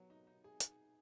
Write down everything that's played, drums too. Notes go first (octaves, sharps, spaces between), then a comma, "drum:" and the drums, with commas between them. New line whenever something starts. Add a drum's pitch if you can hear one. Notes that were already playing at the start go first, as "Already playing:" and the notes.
Already playing: F#3 B3
D#4
D#4
G#4
drum: hi-hat